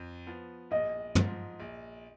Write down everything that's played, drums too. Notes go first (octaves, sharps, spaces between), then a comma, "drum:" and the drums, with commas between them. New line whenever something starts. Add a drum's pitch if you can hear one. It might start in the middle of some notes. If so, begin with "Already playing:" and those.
Already playing: F2
F3 B3
A#1 D#5
G#2 F3, drum: tom
A#1